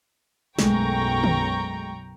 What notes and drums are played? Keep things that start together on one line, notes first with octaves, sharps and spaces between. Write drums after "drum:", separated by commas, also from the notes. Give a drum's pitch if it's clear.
B1 F#2 G#3 A3 G5 A#5 C#6, drum: snare
drum: tom